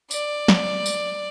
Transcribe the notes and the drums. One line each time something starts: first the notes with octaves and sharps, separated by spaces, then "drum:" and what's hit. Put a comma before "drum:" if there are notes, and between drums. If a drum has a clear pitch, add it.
D5, drum: tambourine
drum: snare
drum: tambourine